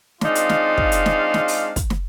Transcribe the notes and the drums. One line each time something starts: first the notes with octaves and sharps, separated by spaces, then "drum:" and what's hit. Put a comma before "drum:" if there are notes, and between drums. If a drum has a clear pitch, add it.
G#3 C4 D4 D#4 F4 F5, drum: snare
drum: hi-hat
drum: snare
drum: kick
drum: hi-hat
drum: snare
drum: snare
drum: open hi-hat
drum: kick, hi-hat
drum: snare